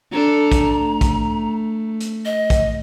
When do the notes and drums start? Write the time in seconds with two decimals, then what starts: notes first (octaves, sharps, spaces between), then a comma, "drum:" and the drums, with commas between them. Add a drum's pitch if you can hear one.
0.12 D4 A4 A#5
0.52 drum: kick, hi-hat
0.78 A3
1.01 drum: kick, hi-hat
2.01 drum: hi-hat
2.25 D#5
2.50 drum: kick, hi-hat